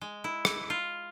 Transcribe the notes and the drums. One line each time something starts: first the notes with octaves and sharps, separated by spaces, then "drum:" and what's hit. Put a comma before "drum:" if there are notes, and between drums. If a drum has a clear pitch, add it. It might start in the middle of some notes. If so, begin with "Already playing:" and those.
G#3
E4
drum: rim click
F4